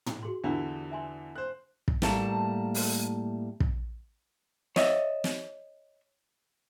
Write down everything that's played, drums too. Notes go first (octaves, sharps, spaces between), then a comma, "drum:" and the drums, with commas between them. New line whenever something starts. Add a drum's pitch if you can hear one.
drum: tom
F#4 G#4 C6
E2 D3 D4 E4 F4 G4
E5 G#5 C6
C5 F#6
drum: kick
A2 G3 A3 A#3 A5 A#5, drum: snare
drum: open hi-hat
drum: kick
C#5 D#5 E5, drum: snare
drum: snare